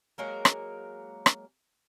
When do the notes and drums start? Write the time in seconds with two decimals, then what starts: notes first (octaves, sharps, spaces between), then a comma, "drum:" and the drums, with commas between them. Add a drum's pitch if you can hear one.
0.18 F#3 G#3 A#3 A#4
0.45 drum: rim click
1.26 drum: rim click